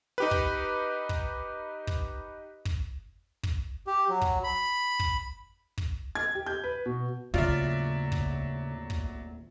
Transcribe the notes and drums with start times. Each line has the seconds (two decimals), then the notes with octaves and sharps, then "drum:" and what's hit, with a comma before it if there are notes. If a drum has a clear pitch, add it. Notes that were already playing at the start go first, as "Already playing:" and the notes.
0.18 D#4 G4 B4
0.31 drum: kick
1.09 drum: kick
1.87 drum: kick
2.65 drum: kick
3.43 drum: kick
3.87 G4
4.09 F#3
4.21 drum: kick
4.44 B5
5.00 drum: kick
5.78 drum: kick
6.15 G#6
6.35 G4
6.46 G6
6.64 B4
6.86 B2
7.34 D#2 A2 C#3 F#3 F4 D5 E5, drum: kick
8.12 drum: kick
8.90 drum: kick